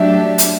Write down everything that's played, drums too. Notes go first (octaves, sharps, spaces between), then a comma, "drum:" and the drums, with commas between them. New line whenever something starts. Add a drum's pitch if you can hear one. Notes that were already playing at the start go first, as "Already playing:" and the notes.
Already playing: F#3 A3 D4 G4 E5
drum: hi-hat